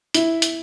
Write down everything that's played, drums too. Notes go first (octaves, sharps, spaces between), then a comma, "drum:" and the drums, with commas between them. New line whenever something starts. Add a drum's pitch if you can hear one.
E4, drum: hi-hat
drum: hi-hat